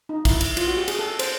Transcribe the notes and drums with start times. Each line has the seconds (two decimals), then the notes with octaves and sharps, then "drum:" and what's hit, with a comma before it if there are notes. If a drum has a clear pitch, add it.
0.09 D#4
0.25 E4, drum: kick, cymbal
0.41 drum: cymbal
0.57 F4, drum: cymbal
0.67 F#4
0.77 G4
0.88 G#4, drum: cymbal
0.99 A4
1.19 C5, drum: cymbal